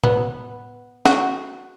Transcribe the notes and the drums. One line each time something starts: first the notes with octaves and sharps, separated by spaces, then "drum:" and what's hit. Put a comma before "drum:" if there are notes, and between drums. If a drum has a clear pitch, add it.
B3, drum: tom A2
F#4, drum: snare C#4